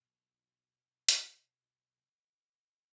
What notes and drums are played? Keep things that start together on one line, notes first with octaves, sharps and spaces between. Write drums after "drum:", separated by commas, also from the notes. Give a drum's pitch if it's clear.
B1 B2
drum: hi-hat